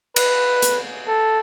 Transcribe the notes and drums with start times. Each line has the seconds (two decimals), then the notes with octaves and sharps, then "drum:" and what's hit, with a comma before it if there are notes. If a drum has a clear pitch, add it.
0.16 B4, drum: cymbal
0.62 drum: hi-hat
1.07 A4